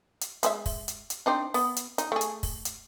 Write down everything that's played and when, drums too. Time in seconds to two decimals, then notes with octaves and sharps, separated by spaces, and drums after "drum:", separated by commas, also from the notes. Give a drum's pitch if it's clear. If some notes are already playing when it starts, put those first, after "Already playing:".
0.21 drum: hi-hat
0.43 G#3 B4 E5, drum: hi-hat
0.66 drum: kick, open hi-hat
0.88 drum: hi-hat
1.10 drum: hi-hat
1.26 C4 D4 D#4
1.54 B3, drum: open hi-hat
1.76 drum: hi-hat
1.98 D#4, drum: hi-hat
2.12 A3 G#4
2.21 drum: hi-hat
2.43 drum: kick, open hi-hat
2.65 drum: hi-hat